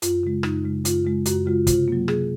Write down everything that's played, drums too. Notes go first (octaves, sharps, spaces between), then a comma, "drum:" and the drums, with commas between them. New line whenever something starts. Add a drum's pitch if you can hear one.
F#2 F4, drum: hi-hat
C#3 G#3
F#2 D#4, drum: rim click
C#3 G#3
F#2 F4, drum: hi-hat
C#3 G#3
F#2 F#4, drum: hi-hat
C#3 G#3 F4
C3 F4, drum: kick, hi-hat
F#3 A#3
C3 G#4, drum: rim click